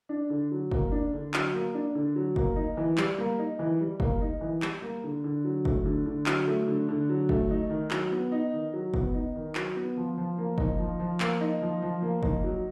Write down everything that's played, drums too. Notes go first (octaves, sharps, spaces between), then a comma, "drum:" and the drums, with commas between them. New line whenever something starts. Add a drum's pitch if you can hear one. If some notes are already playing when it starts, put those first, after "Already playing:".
D4
D3
F#3
A#3, drum: kick
D4
D3
F#3, drum: clap
A#3
D4
D3
F#3
A#3, drum: kick
D#4
E3
G3, drum: clap
A#3
D#4
E3
G3
A#3, drum: kick
D#4
E3
G3, drum: clap
A#3
D3
D3
F#3
A3, drum: kick
D3
D3
F#3, drum: clap
A3
D3
D3
F#3
A3, drum: kick
D#4
D#3
F#3, drum: clap
B3
D#4
D#3
F#3
B3, drum: kick
D#4
D#3
F#3, drum: clap
B3
F3
F3
A#3
D#4, drum: kick
F3
F3
A#3, drum: clap
D#4
F3
F3
A#3
D#4, drum: kick
F#3